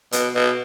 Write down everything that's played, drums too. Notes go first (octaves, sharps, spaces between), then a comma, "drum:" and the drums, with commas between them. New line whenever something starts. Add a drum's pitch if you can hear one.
B2, drum: hi-hat
B2